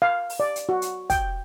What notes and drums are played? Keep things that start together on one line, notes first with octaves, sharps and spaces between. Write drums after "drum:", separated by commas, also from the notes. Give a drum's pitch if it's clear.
F5
drum: open hi-hat
D5
drum: hi-hat
F#4
drum: hi-hat
G5, drum: kick, hi-hat